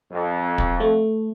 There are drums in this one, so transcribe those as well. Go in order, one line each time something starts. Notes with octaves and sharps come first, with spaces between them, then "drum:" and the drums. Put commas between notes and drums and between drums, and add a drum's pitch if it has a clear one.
F2
drum: kick
A3